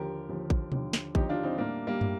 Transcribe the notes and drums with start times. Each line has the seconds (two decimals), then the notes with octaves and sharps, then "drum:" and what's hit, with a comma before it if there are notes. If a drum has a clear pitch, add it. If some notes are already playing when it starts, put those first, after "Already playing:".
Already playing: D#2 D3 F3 G4 A#4
0.29 D#2 D3 F3
0.50 drum: kick A1
0.72 D#2 D3 F3, drum: tom B2
0.93 drum: snare
1.15 D#2 D3 F3 D#4 G4, drum: kick A1
1.29 D4 F4
1.43 C4 D#4
1.58 A2 G3 A#3 D4
1.87 G3 A#3
2.01 A2 G3, drum: tom